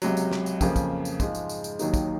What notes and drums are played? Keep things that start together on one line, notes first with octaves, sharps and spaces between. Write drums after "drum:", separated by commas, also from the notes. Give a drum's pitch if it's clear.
C#2 C3 F#3, drum: tambourine
drum: tambourine
drum: snare
drum: tambourine
F2 C#3 F3 A#3, drum: kick, tambourine
drum: kick, tambourine
drum: tambourine
G#2 F3 G#3, drum: kick, tambourine
drum: tambourine
drum: tambourine
drum: tambourine
D#2 D#3 F#3 A#3 D#4, drum: tambourine
drum: kick, tambourine